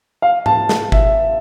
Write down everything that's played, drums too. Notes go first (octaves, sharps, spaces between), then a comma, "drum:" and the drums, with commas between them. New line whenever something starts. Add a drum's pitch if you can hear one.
F5
A5, drum: tom G#2
drum: snare
E5, drum: kick G1